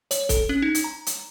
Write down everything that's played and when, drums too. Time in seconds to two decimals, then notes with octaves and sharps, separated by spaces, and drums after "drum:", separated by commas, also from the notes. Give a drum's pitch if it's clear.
0.11 C#5, drum: hi-hat
0.29 A4, drum: kick, hi-hat
0.49 C#4
0.62 D#4
0.75 drum: hi-hat
0.84 A#5
1.07 drum: hi-hat